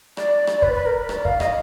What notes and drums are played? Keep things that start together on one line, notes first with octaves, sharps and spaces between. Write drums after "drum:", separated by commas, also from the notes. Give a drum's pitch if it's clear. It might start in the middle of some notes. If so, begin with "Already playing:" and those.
D5, drum: rim click
drum: rim click
B4, drum: kick
B4
A#4
B4
D5, drum: rim click
F5, drum: kick
D#5, drum: rim click